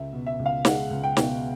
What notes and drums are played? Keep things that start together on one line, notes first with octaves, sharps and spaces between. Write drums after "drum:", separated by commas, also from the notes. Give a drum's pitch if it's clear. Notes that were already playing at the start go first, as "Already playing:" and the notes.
Already playing: C#2 E5
B2
E5
C#2
F5
G#3 F#5, drum: snare
C#2
G5
B2, drum: snare